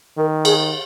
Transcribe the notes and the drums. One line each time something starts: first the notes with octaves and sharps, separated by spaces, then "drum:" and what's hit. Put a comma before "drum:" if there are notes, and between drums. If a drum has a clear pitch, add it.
D#3 A#4
G#4, drum: cymbal